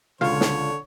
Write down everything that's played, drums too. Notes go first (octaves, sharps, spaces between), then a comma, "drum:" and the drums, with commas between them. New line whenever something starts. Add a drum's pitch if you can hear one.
C#2 D3 F4 C#5 F5, drum: tom
drum: snare